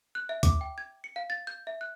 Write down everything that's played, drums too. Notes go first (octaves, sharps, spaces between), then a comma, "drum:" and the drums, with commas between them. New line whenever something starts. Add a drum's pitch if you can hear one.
F#6
E5
D6, drum: kick D2, hi-hat
G5
G#6
C#7
F5
A6
G6
E5
F#6